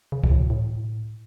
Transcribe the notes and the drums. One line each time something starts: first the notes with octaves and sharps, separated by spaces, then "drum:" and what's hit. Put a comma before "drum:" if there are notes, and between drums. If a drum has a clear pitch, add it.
C#3
B2, drum: kick C#2
A2
A2